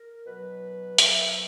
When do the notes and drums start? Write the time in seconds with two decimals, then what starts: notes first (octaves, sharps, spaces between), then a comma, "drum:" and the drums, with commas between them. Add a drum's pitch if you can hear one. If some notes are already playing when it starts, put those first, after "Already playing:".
Already playing: A#4
0.24 B2 F#3 B4
0.98 B2 F#3 E5, drum: hi-hat